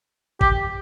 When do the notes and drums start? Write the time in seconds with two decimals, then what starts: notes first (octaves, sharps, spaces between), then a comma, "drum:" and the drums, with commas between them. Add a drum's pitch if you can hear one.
0.41 G4, drum: kick